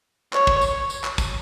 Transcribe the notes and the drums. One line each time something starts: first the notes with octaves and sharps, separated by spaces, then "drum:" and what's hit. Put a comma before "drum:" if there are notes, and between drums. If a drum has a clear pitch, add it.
C#5, drum: clap
drum: kick
drum: tambourine
drum: tambourine
drum: clap
drum: kick, tambourine